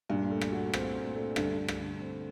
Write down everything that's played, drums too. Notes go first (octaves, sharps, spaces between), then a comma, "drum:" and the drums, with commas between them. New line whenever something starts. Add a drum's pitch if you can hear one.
G2 A#2
A3
drum: rim click
F#4
C4, drum: rim click
A#2
A3
G2 D3, drum: rim click
A3
drum: rim click
D3
C4